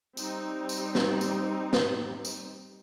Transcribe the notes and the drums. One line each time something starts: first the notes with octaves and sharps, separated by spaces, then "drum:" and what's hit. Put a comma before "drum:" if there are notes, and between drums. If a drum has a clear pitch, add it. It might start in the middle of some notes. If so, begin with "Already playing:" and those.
G3 C4 D#4, drum: tambourine
drum: tambourine
drum: snare
drum: tambourine
drum: snare
drum: tambourine